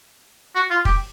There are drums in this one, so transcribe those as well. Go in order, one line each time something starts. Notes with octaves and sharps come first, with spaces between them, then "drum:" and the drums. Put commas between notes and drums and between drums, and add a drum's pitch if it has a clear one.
F#4
F4
G4, drum: kick